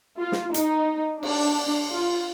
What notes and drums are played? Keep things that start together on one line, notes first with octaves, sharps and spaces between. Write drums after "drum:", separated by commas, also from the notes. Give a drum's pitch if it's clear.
F4
drum: snare
D#4, drum: hi-hat
D4, drum: cymbal
F4